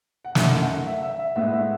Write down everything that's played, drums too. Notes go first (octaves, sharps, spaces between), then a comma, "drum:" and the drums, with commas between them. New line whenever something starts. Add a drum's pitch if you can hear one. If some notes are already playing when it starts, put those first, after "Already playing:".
F#5
F#2 D#3 A3 E5, drum: snare
F#5
E5
E5
E5
A2 G#3 B3 E5
E5